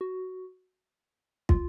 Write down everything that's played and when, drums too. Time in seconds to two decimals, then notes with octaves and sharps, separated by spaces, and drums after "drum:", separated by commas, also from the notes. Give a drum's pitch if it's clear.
0.01 F#4
1.49 F4, drum: kick